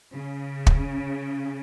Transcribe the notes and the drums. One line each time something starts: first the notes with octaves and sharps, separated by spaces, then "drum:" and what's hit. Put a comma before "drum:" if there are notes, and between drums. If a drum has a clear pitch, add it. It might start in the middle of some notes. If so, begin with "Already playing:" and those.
C#3
drum: kick